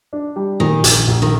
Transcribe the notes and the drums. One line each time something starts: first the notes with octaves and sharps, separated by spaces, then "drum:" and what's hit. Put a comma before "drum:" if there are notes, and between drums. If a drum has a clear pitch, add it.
D4
G3
A#2 D#3
A#1, drum: hi-hat
A#1
D#3